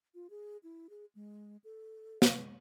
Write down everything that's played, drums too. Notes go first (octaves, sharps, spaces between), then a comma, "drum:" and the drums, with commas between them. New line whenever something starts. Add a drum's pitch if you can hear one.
F4
G#4
E4
G#4
G#3
A4
F5, drum: snare
G#3